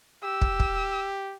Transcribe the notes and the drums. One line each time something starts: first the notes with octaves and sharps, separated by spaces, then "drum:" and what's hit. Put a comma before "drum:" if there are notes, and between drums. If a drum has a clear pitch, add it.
G4 E6
drum: kick
drum: kick